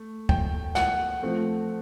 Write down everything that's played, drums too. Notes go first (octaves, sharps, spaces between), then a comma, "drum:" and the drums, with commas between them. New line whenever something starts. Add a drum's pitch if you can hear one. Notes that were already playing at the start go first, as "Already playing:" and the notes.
Already playing: A3
G5, drum: kick D2
F#5, drum: snare
F3 A3 C4